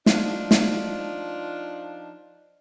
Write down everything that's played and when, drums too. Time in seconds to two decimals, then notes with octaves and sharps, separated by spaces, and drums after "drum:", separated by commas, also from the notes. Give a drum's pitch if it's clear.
0.06 F3 D4 D#4 F4, drum: snare
0.51 drum: snare